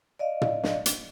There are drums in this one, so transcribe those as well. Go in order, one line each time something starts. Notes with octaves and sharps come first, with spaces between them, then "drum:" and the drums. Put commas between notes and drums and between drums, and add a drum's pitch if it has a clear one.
D5 D#5 F5
drum: tom
drum: snare
drum: hi-hat